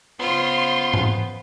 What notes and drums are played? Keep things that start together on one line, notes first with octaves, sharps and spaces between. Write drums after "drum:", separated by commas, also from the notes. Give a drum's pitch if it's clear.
C#3 B3 F4 C5 C6
drum: tom G#2